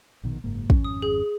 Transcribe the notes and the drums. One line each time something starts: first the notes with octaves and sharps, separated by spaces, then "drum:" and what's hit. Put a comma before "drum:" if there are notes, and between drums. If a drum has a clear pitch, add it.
A#1 B2 D#3
F#1 G#2 A#3
G#1 F2 C#4, drum: kick
D#6
G#4